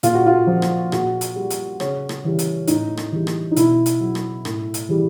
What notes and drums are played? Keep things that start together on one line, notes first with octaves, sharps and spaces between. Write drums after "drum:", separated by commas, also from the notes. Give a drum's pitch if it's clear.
A#2 F4, drum: hi-hat
F#4
F4
F3
drum: rim click
A#2 F#4, drum: rim click
drum: hi-hat
G3
drum: hi-hat
C#3 C#4, drum: rim click
drum: rim click
E3 G3
drum: hi-hat
A2 D#4, drum: hi-hat
drum: rim click
E3 G3
drum: rim click
D#4
B2 E4, drum: hi-hat
drum: hi-hat
F#3
drum: rim click
A2, drum: rim click
drum: hi-hat
E3 G3